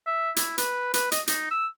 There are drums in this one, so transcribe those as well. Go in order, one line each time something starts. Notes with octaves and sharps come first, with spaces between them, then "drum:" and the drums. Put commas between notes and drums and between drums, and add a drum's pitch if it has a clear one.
E5
E4, drum: hi-hat
B4, drum: hi-hat
B4, drum: hi-hat
D#5, drum: hi-hat
D#4, drum: hi-hat
E6